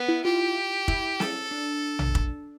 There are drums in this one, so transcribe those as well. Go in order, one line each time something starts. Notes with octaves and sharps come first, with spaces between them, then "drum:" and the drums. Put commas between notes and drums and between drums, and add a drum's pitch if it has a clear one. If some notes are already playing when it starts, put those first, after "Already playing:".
Already playing: B3
E4
F4 G4
E4, drum: kick
A4, drum: snare
D4
drum: tom A#1
drum: kick